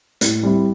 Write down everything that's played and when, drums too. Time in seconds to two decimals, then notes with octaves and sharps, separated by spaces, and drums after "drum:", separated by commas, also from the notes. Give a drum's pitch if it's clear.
0.21 A2, drum: hi-hat
0.43 G3 C4 E4